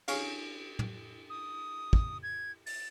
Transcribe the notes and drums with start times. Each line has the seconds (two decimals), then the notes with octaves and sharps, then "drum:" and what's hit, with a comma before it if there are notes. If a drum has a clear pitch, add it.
0.08 G#4 C#5 F5, drum: cymbal
0.79 drum: tom
1.30 D#6
1.93 drum: kick
2.23 G#6
2.66 A6, drum: open hi-hat